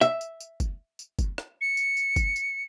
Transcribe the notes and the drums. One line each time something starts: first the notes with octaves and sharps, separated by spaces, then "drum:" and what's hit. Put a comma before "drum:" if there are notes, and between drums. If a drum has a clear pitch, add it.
E5, drum: tambourine
drum: tambourine
drum: tambourine
drum: kick, tambourine
drum: tambourine
drum: kick, tambourine
drum: rim click
C#7
drum: tambourine
drum: tambourine
drum: kick, tambourine
drum: tambourine